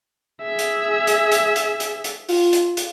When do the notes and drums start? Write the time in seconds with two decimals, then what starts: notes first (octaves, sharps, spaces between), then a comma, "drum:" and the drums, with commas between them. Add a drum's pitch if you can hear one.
0.42 G#4 E5
0.59 drum: hi-hat
1.07 drum: hi-hat
1.31 drum: hi-hat
1.56 drum: hi-hat
1.80 drum: hi-hat
2.04 drum: hi-hat
2.29 F4, drum: open hi-hat
2.53 drum: hi-hat
2.77 drum: hi-hat